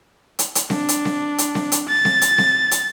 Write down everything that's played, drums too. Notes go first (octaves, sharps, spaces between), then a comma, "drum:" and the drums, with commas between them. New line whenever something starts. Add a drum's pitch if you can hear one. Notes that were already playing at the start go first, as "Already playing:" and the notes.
drum: hi-hat
drum: hi-hat
D4, drum: snare C4
drum: hi-hat
drum: snare C4
drum: hi-hat
drum: snare C4
drum: hi-hat
A6
drum: snare C4
drum: hi-hat
drum: snare C4
drum: hi-hat